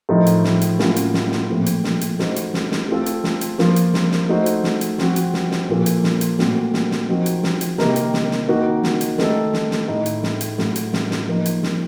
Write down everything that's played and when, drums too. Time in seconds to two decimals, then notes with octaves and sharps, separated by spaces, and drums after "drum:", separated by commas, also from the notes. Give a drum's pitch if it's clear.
0.09 A2 F3 A3 D#4 A#4
0.26 drum: hi-hat
0.44 drum: snare
0.61 drum: hi-hat
0.79 A2 F#3 A#3 C#4 F4, drum: snare
0.96 drum: hi-hat
1.14 drum: snare
1.31 drum: snare
1.49 A#2 F3 A3 C4
1.66 drum: hi-hat
1.84 drum: snare
2.01 drum: hi-hat
2.19 A3 D#4 F#4 C5, drum: snare
2.36 drum: hi-hat
2.54 drum: snare
2.71 drum: snare
2.88 A3 C4 F4 A4
3.06 drum: hi-hat
3.24 drum: snare
3.41 drum: hi-hat
3.58 F3 A#3 F4, drum: snare
3.76 drum: hi-hat
3.94 drum: snare
4.11 drum: snare
4.29 A3 D#4 F#4 C5
4.46 drum: hi-hat
4.64 drum: snare
4.81 drum: hi-hat
4.98 F3 C4 F#4, drum: snare
5.16 drum: hi-hat
5.34 drum: snare
5.51 drum: snare
5.69 A#2 F3 A#3 F4 A4
5.86 drum: hi-hat
6.03 drum: snare
6.21 drum: hi-hat
6.39 A#2 F#3 A3 C4 F#4, drum: snare
6.73 drum: snare
6.91 drum: snare
7.08 F3 C4 D#4 F#4 A#4
7.26 drum: hi-hat
7.43 drum: snare
7.61 drum: hi-hat
7.78 C3 D#3 A#3 D#4 A#4, drum: snare
7.96 drum: hi-hat
8.13 drum: snare
8.31 drum: snare
8.48 D#3 A#3 D#4 F#4
8.83 drum: snare
9.01 drum: hi-hat
9.18 D#3 A3 D#4 A4, drum: snare
9.53 drum: snare
9.71 drum: snare
9.88 A2 A3 D#4
10.06 drum: hi-hat
10.23 drum: snare
10.41 drum: hi-hat
10.58 A2 F#3 A3, drum: snare
10.76 drum: hi-hat
10.93 drum: snare
11.11 drum: snare
11.28 F3 A#3 D#4
11.46 drum: hi-hat
11.63 drum: snare